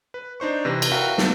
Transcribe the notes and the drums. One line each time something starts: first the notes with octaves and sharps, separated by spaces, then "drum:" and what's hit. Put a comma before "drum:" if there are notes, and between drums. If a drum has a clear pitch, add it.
B4
D4 D#4 C5 C#6
C3 E3 B4 A#6
drum: cymbal
F#4 A#4 B4 E5 F5 G5
A3 B3 F4 F#4 A4, drum: snare